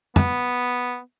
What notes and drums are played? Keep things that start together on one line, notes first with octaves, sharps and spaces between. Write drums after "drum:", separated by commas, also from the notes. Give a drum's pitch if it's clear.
B3, drum: tom